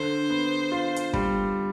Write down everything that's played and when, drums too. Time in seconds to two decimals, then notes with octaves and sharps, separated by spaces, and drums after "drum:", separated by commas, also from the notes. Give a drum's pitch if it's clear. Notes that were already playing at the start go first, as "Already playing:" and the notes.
Already playing: D3 C5
0.30 B3
0.72 F4
0.96 drum: hi-hat
1.13 G3, drum: kick